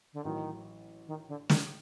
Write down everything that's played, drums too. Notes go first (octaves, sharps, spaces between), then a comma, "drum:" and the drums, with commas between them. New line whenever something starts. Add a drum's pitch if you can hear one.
D3
A1 A2 D#3 F#3
D#3
D3
D#3, drum: snare